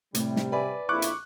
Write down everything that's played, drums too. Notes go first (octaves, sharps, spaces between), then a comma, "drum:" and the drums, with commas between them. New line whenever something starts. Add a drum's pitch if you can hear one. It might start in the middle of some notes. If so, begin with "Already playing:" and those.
A2 C3 G3, drum: hi-hat
drum: snare
B4 D5 E5 G#5 B5
A#1 F2 E4 C#6 D6 F#6
drum: hi-hat